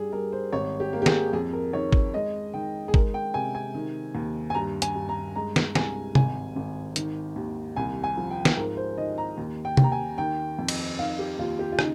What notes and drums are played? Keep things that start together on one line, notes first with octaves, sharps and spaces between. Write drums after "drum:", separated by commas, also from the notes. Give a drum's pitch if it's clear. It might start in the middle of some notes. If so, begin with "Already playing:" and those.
Already playing: G2 G3 G#4
G3 A#4
C5
G#1 C#5
G4
A#3
G4
G#4, drum: snare
F2 G#4
A#4
D#3 C#5
drum: kick
G#3 D#5
D#3 G5
G#4
G#3 A#4, drum: kick
G5
C3 G#5
G#5
D#3
D#2
G#5
G2 A#5
G#5, drum: hi-hat
G2
A#5
G#3 A#5
drum: snare
C2 G#5, drum: snare
G#1 G#5, drum: tom
G#1
D#3, drum: hi-hat
D#2
C2 G#5
G#5
F3
G5
drum: snare
G#2 A#4
C5
D#3 D#5
A#5
D#2
G5
D#2, drum: tom
A#5
G#5
D#3 G5
F2
drum: cymbal
D#3 F5
G4
D#2 F4
G4
F4
C#3 D#4, drum: rim click